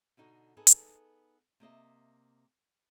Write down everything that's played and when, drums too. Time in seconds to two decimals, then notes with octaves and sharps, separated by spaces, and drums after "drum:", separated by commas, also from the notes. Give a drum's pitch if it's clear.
0.17 B2 D3 D#4 F#4
0.57 B3 D#4 G#4 A4 B4
0.67 drum: hi-hat
1.60 C3 A#3 D#5 E5